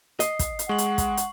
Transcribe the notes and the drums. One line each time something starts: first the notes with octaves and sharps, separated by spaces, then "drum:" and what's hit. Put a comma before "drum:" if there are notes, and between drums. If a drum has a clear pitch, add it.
D#5 C7, drum: hi-hat
drum: kick, hi-hat
drum: hi-hat
G#3 F#5 C#6 F#7
drum: hi-hat
drum: kick, hi-hat
drum: hi-hat